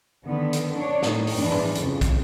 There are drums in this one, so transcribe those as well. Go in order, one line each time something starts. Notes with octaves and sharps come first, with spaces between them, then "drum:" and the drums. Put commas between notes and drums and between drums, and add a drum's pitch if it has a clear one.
D3 D#3 B3
drum: hi-hat
D4 C#5
A2 D#4, drum: snare
drum: open hi-hat
E2 E3 D4 D#4
drum: tom
F2 C#3, drum: hi-hat
drum: kick, hi-hat